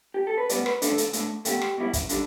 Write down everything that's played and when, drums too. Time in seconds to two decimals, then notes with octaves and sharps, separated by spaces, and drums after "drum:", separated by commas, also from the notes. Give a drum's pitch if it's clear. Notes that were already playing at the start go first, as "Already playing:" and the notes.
0.14 G4
0.27 A4
0.38 B4
0.49 A2 G3 B3 D5, drum: hi-hat
0.66 B4, drum: rim click
0.82 G2 D3 A3 D4 A4, drum: hi-hat
0.98 drum: hi-hat
1.13 A2 A3 D4, drum: hi-hat
1.45 E2 B2 A3 G4, drum: hi-hat
1.61 drum: rim click
1.78 B2 G3 E4
1.93 drum: kick, hi-hat
2.09 D3 G3, drum: hi-hat